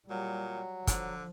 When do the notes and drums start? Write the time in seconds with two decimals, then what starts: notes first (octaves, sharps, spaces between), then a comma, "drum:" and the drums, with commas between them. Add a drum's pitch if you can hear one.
0.10 A#2 F#3 G3
0.87 D3 F3, drum: kick, hi-hat